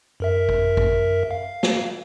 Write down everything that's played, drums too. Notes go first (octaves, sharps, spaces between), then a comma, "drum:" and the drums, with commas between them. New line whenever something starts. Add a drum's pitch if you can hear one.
F#2 A#4 E5
drum: kick
drum: kick
F5
drum: snare